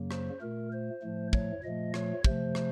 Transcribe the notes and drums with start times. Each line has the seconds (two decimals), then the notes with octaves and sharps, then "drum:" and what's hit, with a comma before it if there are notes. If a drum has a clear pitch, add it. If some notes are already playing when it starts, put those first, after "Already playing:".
Already playing: F#2 C#3 F#3 A#3
0.11 C5, drum: rim click
0.41 A#2 A3 A#4
0.72 C5
1.02 A2 F3 A3
1.33 C#5, drum: kick
1.64 A#2 F3 A3 D#5
1.94 C#5, drum: rim click
2.24 C3 F3 A3 C5, drum: kick
2.55 drum: rim click